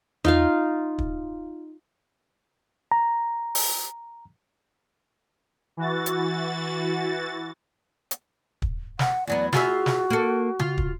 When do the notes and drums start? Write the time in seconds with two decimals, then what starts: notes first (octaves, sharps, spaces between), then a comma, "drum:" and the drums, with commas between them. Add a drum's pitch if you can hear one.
0.24 D#4 F4 F5, drum: tom E2
0.98 drum: kick
2.92 A#5
3.55 drum: open hi-hat
5.77 E3 F#4 A6
6.06 drum: hi-hat
8.11 drum: hi-hat
8.62 drum: kick
8.99 F#5, drum: snare
9.27 E2 F#3 B3 D5
9.53 F4 F#4 G#4 E5, drum: snare
9.86 drum: snare
10.10 A#3 A4
10.59 F4, drum: tom C#3
10.78 drum: kick